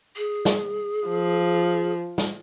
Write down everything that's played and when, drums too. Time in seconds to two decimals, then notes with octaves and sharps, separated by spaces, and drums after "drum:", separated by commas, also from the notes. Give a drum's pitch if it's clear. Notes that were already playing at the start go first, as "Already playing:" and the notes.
0.17 G#4
0.45 drum: snare
1.08 F3
2.18 drum: snare